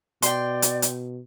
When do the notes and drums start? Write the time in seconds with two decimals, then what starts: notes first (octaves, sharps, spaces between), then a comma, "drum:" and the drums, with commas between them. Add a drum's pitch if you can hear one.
0.22 B2 D5 G5 C6, drum: hi-hat
0.62 drum: hi-hat
0.82 drum: hi-hat